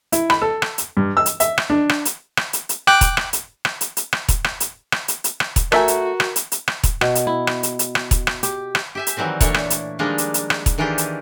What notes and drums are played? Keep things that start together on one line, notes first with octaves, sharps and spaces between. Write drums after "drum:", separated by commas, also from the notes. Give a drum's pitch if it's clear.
E4, drum: hi-hat
B5, drum: rim click
A4
drum: rim click
drum: hi-hat
G2
E6
drum: hi-hat
E5, drum: hi-hat
drum: rim click
D4
drum: rim click
drum: hi-hat
drum: rim click
drum: hi-hat
drum: hi-hat
G5 D6 F#6, drum: rim click
drum: kick E1, hi-hat
drum: rim click
drum: hi-hat
drum: rim click
drum: hi-hat
drum: hi-hat
drum: rim click
drum: kick E1, hi-hat
drum: rim click
drum: hi-hat
drum: rim click
drum: hi-hat
drum: hi-hat
drum: rim click
drum: kick E1, hi-hat
A3 F#4 A#4 E5 G#5 A#5, drum: rim click
drum: hi-hat
drum: rim click
drum: hi-hat
drum: hi-hat
drum: rim click
drum: kick E1, hi-hat
B2, drum: rim click
drum: hi-hat
E4
drum: rim click
drum: hi-hat
drum: hi-hat
drum: rim click
drum: kick E1, hi-hat
drum: rim click
G4, drum: hi-hat
drum: rim click
G4 E5 G#5
drum: hi-hat
D#3 E3 F#3 G3 C4
A#2 E3 A3 D4 C#5, drum: kick E1, hi-hat
drum: rim click
drum: hi-hat
D#3 F3 G3 G#3 A#3 D4
drum: hi-hat
drum: hi-hat
drum: rim click
drum: kick E1, hi-hat
D#3 E3 D4 F4 G4 G#4
drum: hi-hat